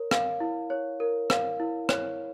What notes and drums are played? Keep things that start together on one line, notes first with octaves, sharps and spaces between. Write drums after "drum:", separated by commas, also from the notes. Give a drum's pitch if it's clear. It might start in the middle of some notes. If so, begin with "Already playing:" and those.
Already playing: A#4 C#5
F5, drum: rim click
E4
C#5
A#4
F5, drum: rim click
E4
C#5, drum: rim click